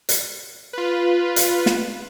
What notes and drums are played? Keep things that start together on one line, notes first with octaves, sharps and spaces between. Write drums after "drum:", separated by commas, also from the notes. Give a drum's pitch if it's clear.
drum: hi-hat
F4 B4
drum: hi-hat
drum: snare